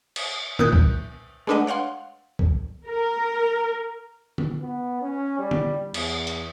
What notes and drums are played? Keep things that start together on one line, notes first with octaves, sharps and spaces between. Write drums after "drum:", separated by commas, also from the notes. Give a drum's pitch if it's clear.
drum: cymbal
A#2 D#6 F#6 G6, drum: tom D3
drum: kick C2
G#3 A3 D4 B4 D#5 F#5
C#5 F5 F#5 C6
drum: kick C2
A#4
drum: tom D3
B3
C#4
G3
drum: tom D3
E2, drum: cymbal
drum: hi-hat